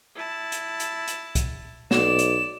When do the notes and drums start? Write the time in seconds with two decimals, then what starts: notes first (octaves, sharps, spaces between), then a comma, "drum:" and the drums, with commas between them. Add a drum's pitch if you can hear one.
0.16 E4 A5
0.52 drum: hi-hat
0.80 drum: hi-hat
1.08 drum: hi-hat
1.35 drum: kick, hi-hat
1.91 B1 D5 E7, drum: snare
2.19 drum: hi-hat